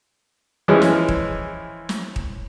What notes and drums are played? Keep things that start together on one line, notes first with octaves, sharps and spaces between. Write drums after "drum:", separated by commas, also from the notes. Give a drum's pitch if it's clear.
E3 F3 G#3 C#4
drum: snare
drum: kick D#1
drum: snare
drum: kick D#1